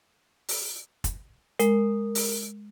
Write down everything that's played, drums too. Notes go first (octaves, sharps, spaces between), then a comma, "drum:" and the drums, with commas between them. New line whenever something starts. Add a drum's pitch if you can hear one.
drum: open hi-hat
drum: kick, hi-hat
G#3 A#4, drum: hi-hat
drum: open hi-hat